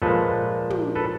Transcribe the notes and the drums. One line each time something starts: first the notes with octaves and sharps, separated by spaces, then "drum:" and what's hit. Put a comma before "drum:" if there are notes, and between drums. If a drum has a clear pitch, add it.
A#2 F3 G#3 A4 B4
drum: tom
A4 B4